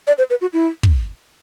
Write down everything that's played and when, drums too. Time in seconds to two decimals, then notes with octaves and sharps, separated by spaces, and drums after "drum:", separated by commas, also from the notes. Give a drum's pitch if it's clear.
0.07 D5
0.18 C5
0.30 B4
0.41 F#4
0.53 E4
0.83 drum: kick